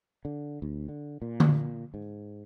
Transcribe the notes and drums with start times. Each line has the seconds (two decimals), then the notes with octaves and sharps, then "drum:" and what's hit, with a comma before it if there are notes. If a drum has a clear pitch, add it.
0.25 D3
0.62 D2
0.89 D3
1.22 A#2
1.40 drum: tom D3
1.94 G#2